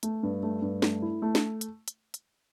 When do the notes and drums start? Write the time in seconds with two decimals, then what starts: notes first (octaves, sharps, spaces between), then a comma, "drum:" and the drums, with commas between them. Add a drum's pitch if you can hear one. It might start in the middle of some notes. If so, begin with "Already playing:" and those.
0.03 A3, drum: hi-hat
0.23 G2
0.43 A3
0.62 G2
0.82 A3, drum: snare
1.02 E4
1.22 A3
1.35 drum: snare
1.61 drum: hi-hat
1.88 drum: hi-hat
2.14 drum: hi-hat